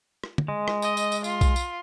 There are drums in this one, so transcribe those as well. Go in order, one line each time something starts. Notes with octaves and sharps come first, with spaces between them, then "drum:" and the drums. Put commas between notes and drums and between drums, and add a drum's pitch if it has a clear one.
drum: rim click
drum: tom
G#3
drum: rim click
D#5, drum: tambourine
drum: tambourine
drum: tambourine
F4, drum: tambourine
drum: kick B1, tambourine
drum: tambourine